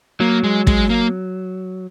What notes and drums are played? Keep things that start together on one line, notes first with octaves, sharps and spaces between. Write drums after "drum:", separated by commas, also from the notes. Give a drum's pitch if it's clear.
F#3 A#3
G#3
G#3, drum: kick
A#3